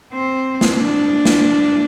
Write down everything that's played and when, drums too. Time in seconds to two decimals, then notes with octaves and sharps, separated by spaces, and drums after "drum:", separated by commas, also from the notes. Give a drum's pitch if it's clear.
0.13 C4
0.61 drum: snare
0.77 D4
1.25 drum: snare